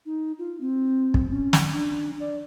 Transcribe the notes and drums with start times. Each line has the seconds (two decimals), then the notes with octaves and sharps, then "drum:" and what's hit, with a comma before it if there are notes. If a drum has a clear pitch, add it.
0.06 D#4
0.38 F4
0.60 C4
1.14 drum: kick
1.30 C#4
1.53 drum: snare
1.72 D4
2.20 D5